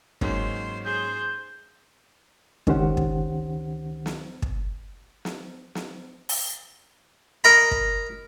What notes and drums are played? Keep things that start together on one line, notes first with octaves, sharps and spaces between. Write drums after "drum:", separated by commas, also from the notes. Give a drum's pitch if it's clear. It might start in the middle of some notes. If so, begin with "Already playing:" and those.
G#2 F#3 G#3 A#3 C#4 D#4 C5, drum: kick
G#4 C5 G6
C#2 D#3 C#4 G4 C5 F#5, drum: kick
drum: kick
drum: snare
drum: kick
drum: snare
drum: snare
drum: open hi-hat
A#4 D#5 A#5 B5
drum: kick